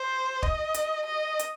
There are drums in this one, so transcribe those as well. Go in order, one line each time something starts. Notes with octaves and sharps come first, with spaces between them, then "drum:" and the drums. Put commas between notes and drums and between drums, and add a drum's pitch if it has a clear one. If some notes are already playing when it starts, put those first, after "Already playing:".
Already playing: C5
D#5, drum: kick
drum: hi-hat
D#5
drum: hi-hat